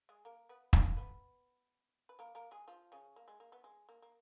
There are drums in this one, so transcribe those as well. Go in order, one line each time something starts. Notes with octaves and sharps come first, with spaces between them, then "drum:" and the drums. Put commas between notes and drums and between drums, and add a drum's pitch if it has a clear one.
G#3 G#4
A#3 A#4
B3 B4
A#3 A#4, drum: kick
B3 B4
B4
A#3 A#4
A#3 A#4
G#3 G#4
F3 F4
C#3 C#4
A#3
G#3
A#3
B3
G#3
A#3
A#3